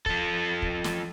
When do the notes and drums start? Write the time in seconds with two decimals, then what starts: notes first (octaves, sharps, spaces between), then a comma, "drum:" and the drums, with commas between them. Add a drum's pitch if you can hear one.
0.06 F3 A4, drum: kick
0.62 drum: kick
0.84 drum: snare